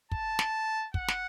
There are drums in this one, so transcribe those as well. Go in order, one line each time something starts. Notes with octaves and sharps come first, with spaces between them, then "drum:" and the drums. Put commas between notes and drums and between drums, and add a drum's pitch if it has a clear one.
A5, drum: kick
drum: snare
F#5, drum: kick
drum: snare